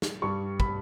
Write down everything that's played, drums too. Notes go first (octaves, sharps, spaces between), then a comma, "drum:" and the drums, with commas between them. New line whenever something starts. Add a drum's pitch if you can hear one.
drum: snare
G2 G3 C#6
B5, drum: kick